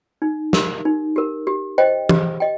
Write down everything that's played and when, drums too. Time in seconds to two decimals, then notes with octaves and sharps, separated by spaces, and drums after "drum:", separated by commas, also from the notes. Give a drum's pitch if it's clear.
0.22 D#4
0.53 G4 A#4, drum: snare
0.85 D#4
1.16 G4 A#4
1.47 G4
1.78 C5 D#5 G5
2.09 G4, drum: tom
2.40 D#5 G5